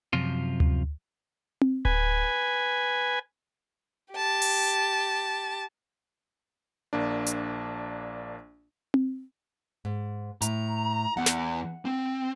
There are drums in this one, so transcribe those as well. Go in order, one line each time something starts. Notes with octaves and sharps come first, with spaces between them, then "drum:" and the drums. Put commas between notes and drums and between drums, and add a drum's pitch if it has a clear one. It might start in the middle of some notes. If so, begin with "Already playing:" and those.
F#2 C3 F3 F4
drum: tom D2
drum: tom C4
B4 G#5, drum: kick D1
G4 A5
drum: open hi-hat
A#1 A#3 D4
drum: hi-hat
drum: tom C4
G#2
A2 A#5, drum: hi-hat
E2 F#5
drum: snare
C4